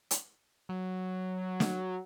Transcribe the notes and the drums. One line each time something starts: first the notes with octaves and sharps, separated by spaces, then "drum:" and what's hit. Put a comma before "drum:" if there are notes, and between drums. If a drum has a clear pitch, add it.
drum: hi-hat
F#3
drum: snare